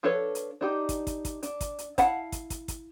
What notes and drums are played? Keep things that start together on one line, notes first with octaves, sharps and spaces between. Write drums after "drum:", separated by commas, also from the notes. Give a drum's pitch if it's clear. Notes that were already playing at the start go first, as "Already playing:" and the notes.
F3 D4 A4 B4 C#5
drum: hi-hat
D4 D#4 G4
drum: kick, hi-hat
drum: kick, hi-hat
drum: kick, hi-hat
D4, drum: hi-hat
drum: kick, hi-hat
drum: hi-hat
E4 F5 F#5 A5 B5, drum: kick, hi-hat
drum: kick, hi-hat
drum: kick, hi-hat
drum: kick, hi-hat